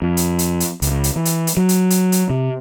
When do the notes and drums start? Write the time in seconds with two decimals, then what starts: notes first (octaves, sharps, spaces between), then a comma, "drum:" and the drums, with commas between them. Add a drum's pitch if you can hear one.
0.02 F2
0.17 drum: hi-hat
0.39 drum: hi-hat
0.60 drum: hi-hat
0.82 C#2, drum: hi-hat
1.04 drum: hi-hat
1.16 E3
1.25 drum: hi-hat
1.47 drum: hi-hat
1.57 F#3
1.69 drum: hi-hat
1.90 drum: hi-hat
2.12 drum: hi-hat
2.30 C3